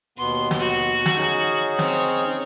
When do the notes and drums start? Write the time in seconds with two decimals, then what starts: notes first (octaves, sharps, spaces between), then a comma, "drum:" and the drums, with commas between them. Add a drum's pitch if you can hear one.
0.18 D#2 B2 B3 C6
0.51 drum: snare
0.60 F#4
1.06 drum: snare
1.17 C#4 D#4 G#4
1.79 C4 C#5, drum: snare